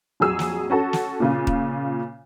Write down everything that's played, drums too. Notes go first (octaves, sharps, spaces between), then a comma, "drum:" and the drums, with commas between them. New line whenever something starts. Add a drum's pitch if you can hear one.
A#1 F2 F#3 G#4 E6
drum: snare
C#4 F#4 A4
drum: snare
A#2 C#3 F4
drum: kick D#1